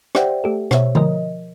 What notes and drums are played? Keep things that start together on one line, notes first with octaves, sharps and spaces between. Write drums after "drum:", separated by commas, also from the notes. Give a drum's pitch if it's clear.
G4 C5 D5 E5 F#5 G5, drum: rim click
A3 G4 A4
B2 C5 C#5 E5, drum: rim click
F3 A#4 D#5, drum: tom D3